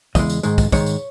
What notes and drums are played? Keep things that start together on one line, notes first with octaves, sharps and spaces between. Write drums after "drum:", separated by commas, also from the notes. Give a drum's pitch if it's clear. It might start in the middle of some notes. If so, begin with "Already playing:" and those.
E2 C#3 E3 G#3 D#5, drum: kick, tambourine
drum: tambourine
G#2 D#3 G#3, drum: tambourine
drum: kick, tambourine
G#2 D#3 G#3 C#5, drum: kick, tambourine
drum: tambourine